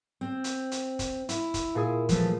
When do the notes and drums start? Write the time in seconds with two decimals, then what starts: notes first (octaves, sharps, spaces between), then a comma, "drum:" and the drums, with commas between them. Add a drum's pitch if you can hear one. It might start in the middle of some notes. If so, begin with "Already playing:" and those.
0.21 C4
0.44 drum: hi-hat
0.72 drum: hi-hat
0.99 drum: kick, hi-hat
1.29 E4, drum: hi-hat
1.54 drum: kick, hi-hat
1.75 A#2 G#4
2.09 E3 F3 A3, drum: kick, hi-hat